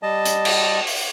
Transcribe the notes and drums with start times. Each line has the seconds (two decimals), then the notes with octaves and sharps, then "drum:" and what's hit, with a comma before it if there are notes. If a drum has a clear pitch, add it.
0.03 G3 D#5 A5
0.25 drum: hi-hat
0.45 drum: cymbal
0.87 drum: open hi-hat